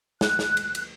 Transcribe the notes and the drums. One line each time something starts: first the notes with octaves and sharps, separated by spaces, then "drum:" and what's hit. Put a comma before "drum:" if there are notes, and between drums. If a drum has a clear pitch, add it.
F#6, drum: snare
drum: snare
drum: cymbal
drum: cymbal